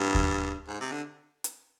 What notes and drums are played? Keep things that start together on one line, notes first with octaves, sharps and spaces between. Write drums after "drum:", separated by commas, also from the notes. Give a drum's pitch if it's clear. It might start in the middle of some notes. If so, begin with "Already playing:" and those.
Already playing: G2
drum: kick D#2
G#2
C3
D3
drum: hi-hat